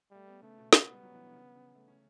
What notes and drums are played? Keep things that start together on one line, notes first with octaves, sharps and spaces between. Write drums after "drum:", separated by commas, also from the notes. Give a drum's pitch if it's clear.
G3 A3
B3
C#3 A3
B2
B2 B3, drum: snare
G3
F#3
E3
D3
C#3
C#3
A3
C#4